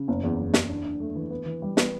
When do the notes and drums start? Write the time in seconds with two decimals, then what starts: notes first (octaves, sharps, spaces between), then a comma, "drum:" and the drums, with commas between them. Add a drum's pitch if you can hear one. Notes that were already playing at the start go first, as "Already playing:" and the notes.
Already playing: C#3
0.08 F#1
0.23 E2
0.38 F#1
0.54 E2, drum: snare
0.69 D4
0.85 D4
1.00 A3
1.16 E3
1.30 B3
1.46 E3
1.62 G3
1.77 B3, drum: snare